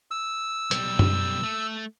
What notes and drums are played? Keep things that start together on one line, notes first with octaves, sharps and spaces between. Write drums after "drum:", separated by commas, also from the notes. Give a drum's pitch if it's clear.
E6
B1 G3, drum: hi-hat
drum: tom F#2
A3